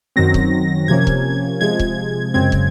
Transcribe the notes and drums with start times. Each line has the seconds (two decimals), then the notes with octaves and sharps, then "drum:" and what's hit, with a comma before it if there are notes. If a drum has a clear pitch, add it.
0.16 F#2 D#3 F#3 C4 A#6
0.34 drum: kick
0.88 C3 F3 A#3 C#4 G#6
1.07 drum: kick
1.61 C3 F3 G#3 G#6
1.79 drum: kick
2.34 F#2 C#3 G#3 C4 G#6
2.52 drum: kick